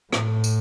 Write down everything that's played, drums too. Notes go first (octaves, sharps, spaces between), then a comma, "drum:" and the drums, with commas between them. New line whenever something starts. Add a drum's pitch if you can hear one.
A2, drum: rim click
drum: tambourine